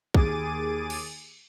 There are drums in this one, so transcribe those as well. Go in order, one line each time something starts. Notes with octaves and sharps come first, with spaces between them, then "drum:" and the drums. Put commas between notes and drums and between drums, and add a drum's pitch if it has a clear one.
D#2 G#4 D6 A6 D#7, drum: kick B1
drum: cymbal